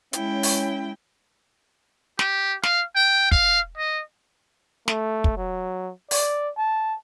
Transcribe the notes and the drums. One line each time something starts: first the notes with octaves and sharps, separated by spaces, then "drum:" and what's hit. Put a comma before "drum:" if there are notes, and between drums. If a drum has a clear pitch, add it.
G#3 C#4 E4 G5, drum: hi-hat
drum: open hi-hat
G4, drum: snare
F5, drum: snare
G5
F5, drum: kick
D#5
A3, drum: snare
drum: kick
F#3
D5, drum: open hi-hat
A5